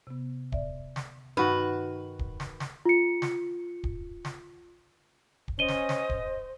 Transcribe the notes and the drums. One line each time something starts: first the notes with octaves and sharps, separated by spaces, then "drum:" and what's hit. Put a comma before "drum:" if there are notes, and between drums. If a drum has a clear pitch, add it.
C3 B3
D5 E5, drum: kick
drum: snare
G2 D#3 F#4 B4 A5
drum: kick
drum: snare
drum: snare
F4 C#7
drum: snare
drum: kick
drum: snare
drum: kick
C#4 C5 D#5 D#7 G7
drum: snare
drum: snare
drum: kick